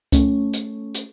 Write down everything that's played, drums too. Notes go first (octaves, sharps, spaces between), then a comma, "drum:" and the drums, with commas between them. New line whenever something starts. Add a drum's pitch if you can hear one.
A3 C#4, drum: kick C#2, hi-hat
drum: hi-hat
drum: hi-hat